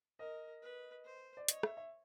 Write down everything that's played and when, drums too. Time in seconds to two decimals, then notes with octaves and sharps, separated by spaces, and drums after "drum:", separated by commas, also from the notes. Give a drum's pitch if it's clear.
0.19 A#4 D#5
0.62 B4
1.05 C5
1.37 D5
1.48 C#5 D#5, drum: hi-hat
1.63 E5, drum: rim click
1.77 E5